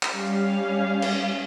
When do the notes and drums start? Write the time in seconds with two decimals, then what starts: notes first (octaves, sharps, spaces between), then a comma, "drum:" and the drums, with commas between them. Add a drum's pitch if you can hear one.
0.03 drum: clap
0.12 G3 C#4 F5
1.02 drum: cymbal